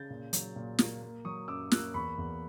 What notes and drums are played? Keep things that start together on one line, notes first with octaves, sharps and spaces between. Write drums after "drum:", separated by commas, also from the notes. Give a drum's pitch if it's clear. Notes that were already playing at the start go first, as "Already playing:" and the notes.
Already playing: C#3 G6 A6
A#2
F#3, drum: hi-hat
A#2
A#3, drum: snare
A#3
F#3 C#6 D#6
F#2 D6 E6
A#3 E6 F#6, drum: snare
E2 B5 C#6
E2